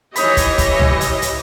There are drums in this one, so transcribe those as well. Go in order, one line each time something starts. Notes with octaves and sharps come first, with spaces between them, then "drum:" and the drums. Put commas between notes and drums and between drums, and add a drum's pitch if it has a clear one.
E3 D#4 G4 C#5 D#5 B5, drum: hi-hat
drum: kick, hi-hat
drum: kick, hi-hat
drum: tom
drum: hi-hat
drum: hi-hat